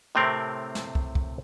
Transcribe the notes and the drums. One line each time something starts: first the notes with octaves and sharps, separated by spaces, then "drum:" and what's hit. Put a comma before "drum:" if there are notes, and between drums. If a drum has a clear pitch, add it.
A2 C3 A3 C4 A#4
drum: snare
drum: kick
drum: kick